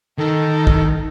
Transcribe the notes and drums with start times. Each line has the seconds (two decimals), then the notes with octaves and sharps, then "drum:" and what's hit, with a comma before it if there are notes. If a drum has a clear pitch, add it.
0.18 D#3 D#4 A4
0.67 drum: kick